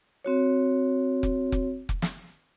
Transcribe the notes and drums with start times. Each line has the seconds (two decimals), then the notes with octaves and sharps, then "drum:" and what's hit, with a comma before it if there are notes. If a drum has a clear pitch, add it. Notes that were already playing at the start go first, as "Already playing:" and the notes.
0.25 C4 F#4 C#5
1.23 drum: kick F1
1.52 drum: kick F1
1.89 drum: kick F1
2.02 drum: snare